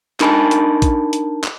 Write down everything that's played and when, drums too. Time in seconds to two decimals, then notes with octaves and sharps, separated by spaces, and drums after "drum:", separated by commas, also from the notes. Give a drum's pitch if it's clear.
0.20 D4 D#4 A#4 G#5 A5 B5, drum: clap
0.51 drum: hi-hat
0.82 drum: kick, hi-hat
1.13 drum: hi-hat
1.44 drum: clap